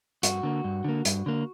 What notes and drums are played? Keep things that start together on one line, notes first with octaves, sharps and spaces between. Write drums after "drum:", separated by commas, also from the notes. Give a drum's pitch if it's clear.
G2 F#4, drum: hi-hat
D3 A#3
G2
D3 A#3
G2, drum: hi-hat
D3 A#3